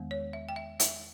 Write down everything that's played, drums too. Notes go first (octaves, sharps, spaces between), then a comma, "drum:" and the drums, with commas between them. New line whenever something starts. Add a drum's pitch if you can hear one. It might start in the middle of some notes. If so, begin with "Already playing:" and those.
Already playing: E2 D#3 G#3 B3
C#5
E5
G5
E5
E5, drum: hi-hat